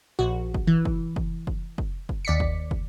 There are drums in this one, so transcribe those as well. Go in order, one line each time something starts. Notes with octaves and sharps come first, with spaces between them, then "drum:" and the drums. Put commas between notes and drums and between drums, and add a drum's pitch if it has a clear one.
A#1 F#4
drum: kick
E3
drum: kick
drum: kick
drum: kick
drum: kick
drum: kick
D#2 D5 B6 C#7
drum: kick
drum: kick